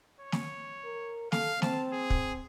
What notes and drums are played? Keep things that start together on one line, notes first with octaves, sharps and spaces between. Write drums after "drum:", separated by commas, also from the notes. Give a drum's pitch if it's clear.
C#5
drum: snare
A#4
A4 F5, drum: snare
C4 A5, drum: snare
G#4
drum: kick